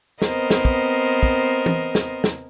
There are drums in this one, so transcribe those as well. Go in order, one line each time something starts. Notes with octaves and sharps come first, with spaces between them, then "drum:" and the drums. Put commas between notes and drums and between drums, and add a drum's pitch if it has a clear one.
B3 C4 A#4 C5 D#5, drum: snare
drum: snare
drum: kick
drum: kick
drum: tom E3
drum: snare
drum: snare